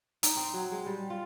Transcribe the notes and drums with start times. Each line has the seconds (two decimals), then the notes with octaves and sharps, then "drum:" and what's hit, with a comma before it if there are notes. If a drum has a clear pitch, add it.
0.23 D#4, drum: hi-hat
0.36 C4
0.54 F#3
0.72 G#3
0.86 G3
1.10 F4